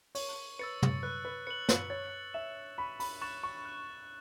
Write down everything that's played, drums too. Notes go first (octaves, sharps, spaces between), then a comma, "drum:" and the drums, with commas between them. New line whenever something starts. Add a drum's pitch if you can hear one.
C#5 C#6, drum: open hi-hat
B4 E6 A6 C#7
drum: tom
B4 F#6
B4
B4 C#7 F#7
B4, drum: snare
C#5 A6
E5 E7
B5 C#6
B5, drum: open hi-hat
C#6 F#6 A6 E7
C#6
F#6